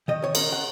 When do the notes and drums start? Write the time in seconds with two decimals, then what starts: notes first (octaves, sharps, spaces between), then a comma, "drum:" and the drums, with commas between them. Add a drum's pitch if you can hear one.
0.08 D#3 D#5
0.24 C#5
0.35 C#4 A#4, drum: cymbal
0.52 F#5